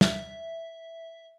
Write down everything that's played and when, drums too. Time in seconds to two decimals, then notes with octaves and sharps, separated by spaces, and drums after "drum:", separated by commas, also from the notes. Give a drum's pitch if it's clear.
0.01 E5, drum: snare